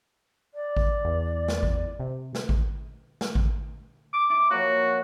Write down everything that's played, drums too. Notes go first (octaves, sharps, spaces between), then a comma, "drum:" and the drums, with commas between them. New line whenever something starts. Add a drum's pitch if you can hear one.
D5
drum: kick G#1
E2
drum: snare
drum: kick G#1
C3
drum: snare
drum: kick G#1
drum: snare
drum: kick G#1
D6
E4 D6
F3 F#3 A#3 F#4